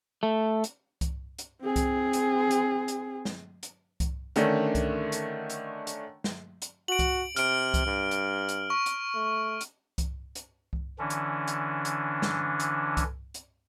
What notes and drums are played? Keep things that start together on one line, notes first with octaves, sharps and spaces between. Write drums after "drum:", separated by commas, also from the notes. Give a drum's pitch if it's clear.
A3
drum: hi-hat
drum: kick C2, hi-hat
drum: hi-hat
C4 G#4
drum: kick C2, hi-hat
drum: hi-hat
drum: hi-hat
drum: hi-hat
drum: snare
drum: hi-hat
drum: kick C2, hi-hat
D3 D#3 A3 C#4 D4, drum: hi-hat
drum: kick C2, hi-hat
drum: hi-hat
drum: hi-hat
drum: hi-hat
drum: snare
drum: hi-hat
F#4 D7 F#7
drum: kick C2, hi-hat
C3 F6 D7, drum: hi-hat
drum: kick C2, hi-hat
G2
drum: hi-hat
drum: hi-hat
C#6
drum: hi-hat
A3
drum: hi-hat
drum: kick C2, hi-hat
drum: hi-hat
drum: kick C2
D3 E3 C#4 D4
drum: hi-hat
drum: hi-hat
drum: hi-hat
drum: snare
drum: hi-hat
drum: kick C2, hi-hat
drum: hi-hat